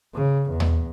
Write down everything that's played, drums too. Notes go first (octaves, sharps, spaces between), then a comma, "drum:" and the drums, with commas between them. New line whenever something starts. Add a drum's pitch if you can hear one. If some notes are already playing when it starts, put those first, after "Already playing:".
C#3
E2
drum: tom D#2